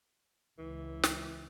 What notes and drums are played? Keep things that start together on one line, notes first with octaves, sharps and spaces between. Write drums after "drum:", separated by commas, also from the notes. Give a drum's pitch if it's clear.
C#2 E3
drum: snare